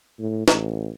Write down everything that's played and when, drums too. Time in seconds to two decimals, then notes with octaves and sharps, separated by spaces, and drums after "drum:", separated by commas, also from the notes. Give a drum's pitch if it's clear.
0.19 A2
0.48 A1, drum: snare